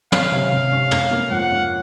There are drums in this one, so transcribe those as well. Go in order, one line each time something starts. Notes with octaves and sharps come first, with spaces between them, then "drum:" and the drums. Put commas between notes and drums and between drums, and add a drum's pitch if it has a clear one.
C#4 F5, drum: tom
C3
C3 F5
C#4
C#4, drum: tom
A#3
F2 F#5
C#4